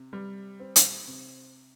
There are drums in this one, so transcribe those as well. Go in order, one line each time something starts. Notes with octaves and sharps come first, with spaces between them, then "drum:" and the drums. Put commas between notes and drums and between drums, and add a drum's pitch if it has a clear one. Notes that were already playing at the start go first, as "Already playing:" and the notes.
Already playing: C3
G3
C4
drum: hi-hat
C3